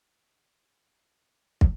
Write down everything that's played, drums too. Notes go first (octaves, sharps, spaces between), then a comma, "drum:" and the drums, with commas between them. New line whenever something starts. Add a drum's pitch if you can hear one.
C#5
E4 C5
drum: kick